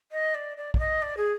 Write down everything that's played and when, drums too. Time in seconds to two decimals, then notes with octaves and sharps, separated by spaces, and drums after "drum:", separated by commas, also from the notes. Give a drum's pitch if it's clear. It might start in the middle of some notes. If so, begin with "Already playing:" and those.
0.11 D#5
0.34 D5
0.57 D5
0.74 D5, drum: kick
0.79 D#5
1.02 D5
1.17 G#4